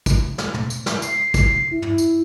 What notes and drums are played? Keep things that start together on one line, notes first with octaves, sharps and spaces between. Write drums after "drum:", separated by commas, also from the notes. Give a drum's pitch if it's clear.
drum: kick, tambourine
drum: snare
drum: tom
drum: tambourine
drum: snare
C7, drum: tambourine
drum: kick, tambourine
E4
drum: tom
drum: tambourine